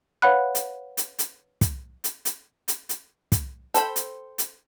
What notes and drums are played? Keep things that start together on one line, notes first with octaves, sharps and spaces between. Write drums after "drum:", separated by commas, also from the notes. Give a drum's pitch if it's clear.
B4 C#5 F5 F#5 B5 F#6
drum: hi-hat
drum: hi-hat
drum: hi-hat
drum: kick, hi-hat
drum: hi-hat
drum: hi-hat
drum: hi-hat
drum: hi-hat
drum: kick, hi-hat
A4 C5 G5 B5, drum: hi-hat
drum: hi-hat
drum: hi-hat